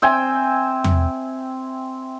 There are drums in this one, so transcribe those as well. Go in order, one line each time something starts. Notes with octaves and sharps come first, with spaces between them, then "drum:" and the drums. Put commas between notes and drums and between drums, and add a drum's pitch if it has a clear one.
C4 E5 G5 G#5
drum: tom E2